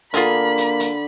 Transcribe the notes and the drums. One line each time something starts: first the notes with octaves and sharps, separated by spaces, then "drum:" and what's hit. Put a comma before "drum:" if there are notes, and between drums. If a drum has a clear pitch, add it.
D3 A#3 F4 G#4 A#4 B5, drum: hi-hat
drum: hi-hat
drum: hi-hat